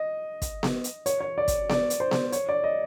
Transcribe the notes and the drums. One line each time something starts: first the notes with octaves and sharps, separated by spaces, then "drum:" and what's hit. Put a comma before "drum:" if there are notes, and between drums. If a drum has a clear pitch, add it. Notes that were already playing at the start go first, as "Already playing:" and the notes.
Already playing: D#5
drum: kick, hi-hat
drum: snare B3
drum: hi-hat
C#5, drum: hi-hat
C#5
D5
drum: kick, hi-hat
D5, drum: snare B3
drum: hi-hat
C5
drum: snare B3
C#5, drum: hi-hat
D5
D#5